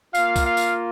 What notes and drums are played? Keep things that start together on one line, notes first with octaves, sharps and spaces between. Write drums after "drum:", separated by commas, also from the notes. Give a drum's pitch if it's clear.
A#3 F4 F5, drum: tambourine
drum: kick B1, tambourine
F5
drum: tambourine